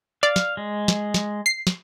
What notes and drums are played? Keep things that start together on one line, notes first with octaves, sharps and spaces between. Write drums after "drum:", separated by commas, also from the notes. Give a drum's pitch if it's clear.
D5 F5
drum: snare
G#3
drum: snare
drum: snare
C7
drum: snare